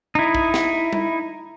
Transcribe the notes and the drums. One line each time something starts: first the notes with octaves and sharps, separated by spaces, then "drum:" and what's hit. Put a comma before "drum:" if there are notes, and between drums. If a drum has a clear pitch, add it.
D#4 E4
drum: kick
drum: snare
drum: tom G3